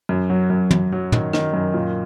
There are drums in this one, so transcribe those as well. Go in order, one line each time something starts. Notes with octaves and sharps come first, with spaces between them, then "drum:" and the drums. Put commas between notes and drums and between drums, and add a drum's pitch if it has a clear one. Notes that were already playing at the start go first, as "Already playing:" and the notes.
F#2
F#3
F#2
F#2, drum: tom
F#3
D#3, drum: tom
D#3, drum: rim click
F#2
A#2